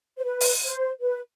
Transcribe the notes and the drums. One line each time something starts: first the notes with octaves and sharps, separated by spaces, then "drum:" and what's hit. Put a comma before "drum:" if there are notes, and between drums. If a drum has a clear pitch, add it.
C5
B4
drum: open hi-hat
C5
B4